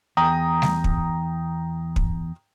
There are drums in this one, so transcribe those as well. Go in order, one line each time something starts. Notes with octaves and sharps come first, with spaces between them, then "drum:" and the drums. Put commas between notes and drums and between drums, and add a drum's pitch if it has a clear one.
E2 G#4 G5 A#5 D#6
drum: snare G3
drum: kick
drum: kick